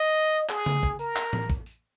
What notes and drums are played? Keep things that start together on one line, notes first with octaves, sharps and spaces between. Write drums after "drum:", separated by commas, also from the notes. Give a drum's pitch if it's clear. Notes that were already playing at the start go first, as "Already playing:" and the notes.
Already playing: D#5
G#4, drum: clap
drum: tom C#3
drum: kick, tambourine
A#4, drum: tambourine
drum: clap
drum: tom A2
drum: kick, tambourine
drum: tambourine